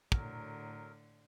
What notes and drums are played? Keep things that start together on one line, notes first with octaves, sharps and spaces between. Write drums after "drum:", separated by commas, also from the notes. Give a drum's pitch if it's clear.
A2 D3 F#3 A#4, drum: kick